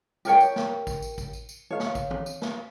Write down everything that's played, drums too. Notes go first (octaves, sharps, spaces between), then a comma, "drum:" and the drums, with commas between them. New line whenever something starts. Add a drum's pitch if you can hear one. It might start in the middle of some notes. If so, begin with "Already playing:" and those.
G4 A#4 C#5 G5, drum: tambourine
drum: tambourine
drum: snare
drum: kick, tambourine
drum: tambourine
drum: kick, tambourine
drum: tambourine
drum: tambourine
C#5 F5
drum: snare
drum: kick, tambourine
drum: tom
drum: tambourine
drum: snare